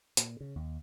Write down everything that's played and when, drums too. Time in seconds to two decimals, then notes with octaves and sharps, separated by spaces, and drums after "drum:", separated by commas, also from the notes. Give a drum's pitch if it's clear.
0.17 A#2, drum: hi-hat
0.41 C#3
0.56 D#2